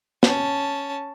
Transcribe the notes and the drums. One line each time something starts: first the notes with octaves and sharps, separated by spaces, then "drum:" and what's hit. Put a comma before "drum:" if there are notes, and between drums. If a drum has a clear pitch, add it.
C#4 A5, drum: snare